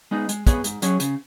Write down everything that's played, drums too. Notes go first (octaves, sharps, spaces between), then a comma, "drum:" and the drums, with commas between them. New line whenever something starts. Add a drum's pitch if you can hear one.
G#3 B3 D#4 G#4
G#3, drum: hi-hat
B3 G#4 C#5, drum: kick, hi-hat
G#2, drum: hi-hat
F#3 C#4 G#4 C#5, drum: hi-hat
C#3, drum: hi-hat